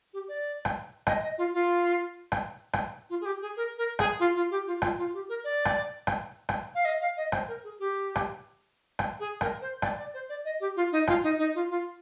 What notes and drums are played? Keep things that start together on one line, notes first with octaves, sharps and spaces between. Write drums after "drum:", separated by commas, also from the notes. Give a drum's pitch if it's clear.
G4
D5
drum: rim click
D#5, drum: rim click
D#5
F4
F4
drum: rim click
drum: rim click
F4
G#4
G4
G#4
A#4
A#4
G#4, drum: rim click
F4
F4
G4
F4
F4, drum: rim click
F4
G4
A#4
D5
drum: rim click
drum: rim click
drum: rim click
F5
D#5
F5
D#5
C5, drum: rim click
A#4
G#4
G4
drum: rim click
drum: rim click
G#4
A#4, drum: rim click
C5
D5, drum: rim click
D5
C5
D5
D#5
G4
F4
D#4
F4, drum: rim click
D#4
D#4
F4
F4